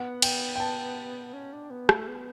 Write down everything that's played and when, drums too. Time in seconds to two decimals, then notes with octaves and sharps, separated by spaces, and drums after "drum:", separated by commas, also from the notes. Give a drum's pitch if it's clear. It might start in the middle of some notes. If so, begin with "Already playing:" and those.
Already playing: B3 F#5
0.22 G5, drum: cymbal
0.56 G5
0.60 A5
1.33 C#4
1.53 D4
1.70 B3
1.89 A3, drum: rim click
2.08 B3